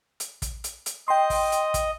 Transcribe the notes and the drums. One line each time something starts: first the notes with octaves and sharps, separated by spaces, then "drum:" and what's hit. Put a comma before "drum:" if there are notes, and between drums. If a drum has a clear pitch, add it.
drum: hi-hat
drum: kick, hi-hat
drum: hi-hat
drum: hi-hat
D#5 G5 C6
drum: kick, open hi-hat
drum: hi-hat
drum: kick, hi-hat